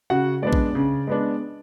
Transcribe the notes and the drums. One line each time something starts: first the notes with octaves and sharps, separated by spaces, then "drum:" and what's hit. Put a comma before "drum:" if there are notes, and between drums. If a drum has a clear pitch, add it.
C#3 F#4 F#5
G#3 B3 D4 D5
drum: kick A#1
C#3
G#3 B3 D4